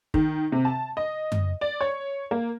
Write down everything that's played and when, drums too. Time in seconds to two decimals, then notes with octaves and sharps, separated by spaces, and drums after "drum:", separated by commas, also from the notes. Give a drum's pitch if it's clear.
0.14 D#3, drum: kick
0.52 C3
0.65 A5
0.97 D#5
1.32 drum: tom F#2
1.61 D5
1.81 C#5
2.31 A#3